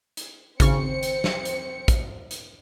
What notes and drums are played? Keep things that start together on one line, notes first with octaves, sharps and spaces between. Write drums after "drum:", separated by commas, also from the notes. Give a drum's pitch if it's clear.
drum: hi-hat
G#1 C#3 C4 C5 C#6 C#7, drum: kick, hi-hat
drum: hi-hat
drum: snare
drum: hi-hat
drum: kick, hi-hat
drum: hi-hat